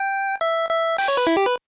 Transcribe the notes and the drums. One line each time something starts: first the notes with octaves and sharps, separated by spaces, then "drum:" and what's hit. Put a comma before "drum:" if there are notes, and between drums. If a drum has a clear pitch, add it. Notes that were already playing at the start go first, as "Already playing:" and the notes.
Already playing: G5
E5
E5
G5, drum: open hi-hat
C#5
B4
E4
G4
B4